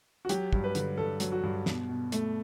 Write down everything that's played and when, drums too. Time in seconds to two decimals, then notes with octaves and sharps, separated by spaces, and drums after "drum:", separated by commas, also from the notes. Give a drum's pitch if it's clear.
0.25 F#4
0.29 F#3 G4, drum: hi-hat
0.53 G2, drum: kick
0.64 B4
0.75 D3, drum: hi-hat
0.97 G2 A4
1.20 F#3, drum: hi-hat
1.32 F#4
1.43 G2
1.66 B2, drum: snare
1.89 B2
2.12 A3, drum: hi-hat